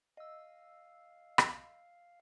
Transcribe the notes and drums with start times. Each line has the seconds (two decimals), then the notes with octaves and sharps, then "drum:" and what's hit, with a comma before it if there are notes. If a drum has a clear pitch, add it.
0.17 D#5 F5 E6
1.38 drum: rim click